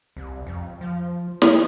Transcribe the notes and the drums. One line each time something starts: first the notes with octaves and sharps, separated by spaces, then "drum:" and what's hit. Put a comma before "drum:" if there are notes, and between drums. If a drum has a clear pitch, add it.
C2
F2
F3
D#4, drum: snare